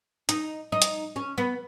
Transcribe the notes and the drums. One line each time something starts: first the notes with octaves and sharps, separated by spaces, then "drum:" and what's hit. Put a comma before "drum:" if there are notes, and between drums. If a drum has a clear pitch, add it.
D#4, drum: hi-hat
D#4
drum: hi-hat
C#4
B3